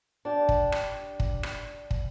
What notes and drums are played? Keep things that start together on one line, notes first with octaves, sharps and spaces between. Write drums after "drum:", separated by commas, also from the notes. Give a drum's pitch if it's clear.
D4 G4
drum: kick
drum: rim click
drum: kick
drum: rim click
drum: kick